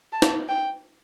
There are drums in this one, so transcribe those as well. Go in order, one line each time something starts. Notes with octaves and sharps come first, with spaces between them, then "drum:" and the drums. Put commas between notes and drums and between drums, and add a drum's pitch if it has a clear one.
A5
drum: snare
G5